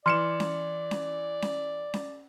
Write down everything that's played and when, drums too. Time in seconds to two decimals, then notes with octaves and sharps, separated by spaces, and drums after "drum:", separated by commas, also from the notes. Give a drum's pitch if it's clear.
0.06 E3 D5 C6 F6 C#7 E7
0.40 drum: snare C#4
0.91 drum: snare C#4
1.42 drum: snare C#4
1.94 drum: snare C#4